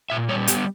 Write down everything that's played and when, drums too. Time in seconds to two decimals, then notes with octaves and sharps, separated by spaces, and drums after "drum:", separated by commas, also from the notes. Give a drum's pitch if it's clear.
0.10 A#2 E5
0.28 G3 C#5
0.47 B3 G4, drum: hi-hat